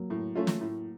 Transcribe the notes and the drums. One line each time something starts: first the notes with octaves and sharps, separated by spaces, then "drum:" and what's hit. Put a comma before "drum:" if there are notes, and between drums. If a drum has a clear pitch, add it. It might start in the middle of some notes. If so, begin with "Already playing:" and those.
Already playing: F#3 A#3
A2
A3 C#4 F4
drum: snare
A2